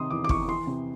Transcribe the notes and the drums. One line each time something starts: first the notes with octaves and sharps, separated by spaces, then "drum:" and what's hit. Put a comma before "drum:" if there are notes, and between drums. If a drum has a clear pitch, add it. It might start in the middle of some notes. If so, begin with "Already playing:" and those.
Already playing: C3 D#3 C6 D#6
E2 D6
D6
E2 C#6, drum: kick
E3 C6
C3